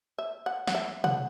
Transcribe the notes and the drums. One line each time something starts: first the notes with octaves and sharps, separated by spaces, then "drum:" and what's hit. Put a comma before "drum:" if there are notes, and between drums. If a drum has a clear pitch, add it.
E5
F#5
F#5, drum: snare
E5
F#5, drum: tom